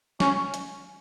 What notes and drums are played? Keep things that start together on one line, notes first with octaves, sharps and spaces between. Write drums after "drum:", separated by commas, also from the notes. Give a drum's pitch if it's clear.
C#4, drum: snare
drum: hi-hat